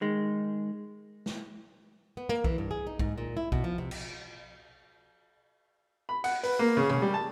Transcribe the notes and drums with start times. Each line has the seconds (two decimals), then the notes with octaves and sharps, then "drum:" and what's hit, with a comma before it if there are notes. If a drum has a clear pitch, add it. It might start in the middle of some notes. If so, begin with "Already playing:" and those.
0.01 D#3 G#3
1.26 drum: snare A3
2.17 B3
2.29 A#3
2.44 E3, drum: kick
2.58 G2
2.71 G#4
2.87 D#4
2.99 G#2, drum: kick
3.18 A#2
3.37 E4
3.52 B2, drum: kick
3.64 F3
3.78 C3
3.91 drum: cymbal
6.09 B5
6.24 F#5, drum: cymbal
6.43 B4, drum: open hi-hat
6.59 A#3
6.77 C#3
6.89 C#3, drum: tom B2
7.02 G3
7.14 A5